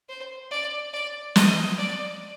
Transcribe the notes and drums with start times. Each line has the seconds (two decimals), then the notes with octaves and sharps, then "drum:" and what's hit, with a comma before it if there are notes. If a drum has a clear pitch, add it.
0.09 C5
0.51 D5
0.93 D5
1.36 D#5, drum: snare
1.78 D5